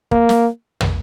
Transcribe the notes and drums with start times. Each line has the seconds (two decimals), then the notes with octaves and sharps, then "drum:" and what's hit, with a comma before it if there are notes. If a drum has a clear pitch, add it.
0.11 A#3, drum: kick
0.29 drum: snare
0.81 drum: tom